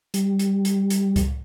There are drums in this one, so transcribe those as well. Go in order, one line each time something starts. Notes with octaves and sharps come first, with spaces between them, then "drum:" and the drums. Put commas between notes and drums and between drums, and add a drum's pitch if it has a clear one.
G3, drum: hi-hat
drum: hi-hat
drum: hi-hat
drum: hi-hat
drum: kick C#2, hi-hat